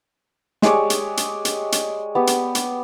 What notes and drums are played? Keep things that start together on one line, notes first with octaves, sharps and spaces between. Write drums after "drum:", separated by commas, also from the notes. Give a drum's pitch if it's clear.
G#3 G4 C#5 D5, drum: snare
drum: hi-hat
drum: hi-hat
drum: hi-hat
drum: hi-hat
B3 G4
drum: hi-hat
drum: hi-hat